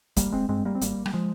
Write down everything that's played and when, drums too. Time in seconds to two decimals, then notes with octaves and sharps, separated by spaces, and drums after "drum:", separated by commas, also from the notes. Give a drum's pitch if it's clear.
0.16 G#1 G3 A#3, drum: kick, hi-hat
0.32 G#3 C4
0.49 G2 G#3 C4
0.65 G3 A#3
0.75 C4
0.81 G#1 G3 A#3, drum: hi-hat
1.06 G3, drum: rim click
1.13 F3 G#3